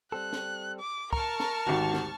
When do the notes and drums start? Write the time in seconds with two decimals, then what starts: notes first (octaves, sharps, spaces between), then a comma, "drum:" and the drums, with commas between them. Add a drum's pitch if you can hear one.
0.12 G3 C4 A4 F#6
0.33 drum: snare
0.80 D6
1.13 A#4 A5 A#5 C#6 F6, drum: kick
1.40 drum: snare
1.67 G#1 D2 F#4 G4
1.93 drum: snare